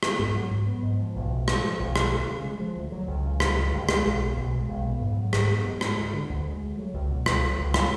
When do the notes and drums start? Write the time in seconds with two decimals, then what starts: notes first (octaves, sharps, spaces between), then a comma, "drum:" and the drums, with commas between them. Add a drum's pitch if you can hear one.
0.03 B3, drum: rim click
0.19 G#2
0.35 F#3
0.51 G#2
0.67 B3
0.82 G#2
0.99 F3
1.16 B1
1.31 A2
1.48 G#3, drum: rim click
1.64 F3
1.80 B1
1.96 F3, drum: rim click
2.11 D2
2.28 C#3
2.43 G#3
2.60 F3
2.76 D2
2.92 F#3
3.07 C#2
3.24 C#3
3.40 C#2, drum: rim click
3.56 F#3
3.73 C#2
3.89 G#3, drum: rim click
4.04 B1
4.21 B2
4.37 B1
4.52 G#3
4.69 B1
4.84 B3
5.01 G#2
5.17 F#3
5.33 G#2, drum: rim click
5.49 B3
5.65 G#2
5.81 G#3, drum: rim click
5.97 D2
6.14 D3
6.29 D2
6.45 G#3
6.61 D2
6.78 F#3
6.94 C#2
7.10 B2
7.26 C#2, drum: rim click
7.42 F#3
7.58 C#2
7.74 F#3, drum: rim click